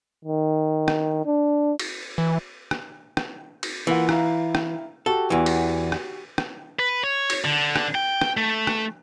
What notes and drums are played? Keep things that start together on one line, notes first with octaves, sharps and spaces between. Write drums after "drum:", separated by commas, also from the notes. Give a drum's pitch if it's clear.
D#3
drum: rim click
D4
drum: cymbal
E3
drum: rim click
drum: rim click
drum: cymbal
E3 A#3 F4 F#5
E4 F5 A#5, drum: rim click
drum: rim click
F#4 G4 A4
E2 E3
drum: cymbal
drum: rim click
drum: rim click
B4
C#5
drum: cymbal
D3
drum: rim click
G5
drum: rim click
A3
drum: rim click